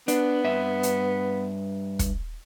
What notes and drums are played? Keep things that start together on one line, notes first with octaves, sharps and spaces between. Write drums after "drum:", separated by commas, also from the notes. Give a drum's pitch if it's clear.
B3 D4, drum: hi-hat
G2 B4 E5
drum: hi-hat
drum: kick, hi-hat